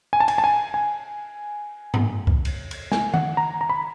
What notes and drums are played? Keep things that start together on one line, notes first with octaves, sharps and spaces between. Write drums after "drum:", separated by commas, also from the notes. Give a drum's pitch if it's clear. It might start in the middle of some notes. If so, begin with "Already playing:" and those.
G#5
A5
G#5, drum: cymbal
A5
G#5
G#5
drum: tom G2
drum: kick C2
drum: cymbal
drum: cymbal
G#5, drum: snare
F#5, drum: tom D#3
A#5
A#5
B5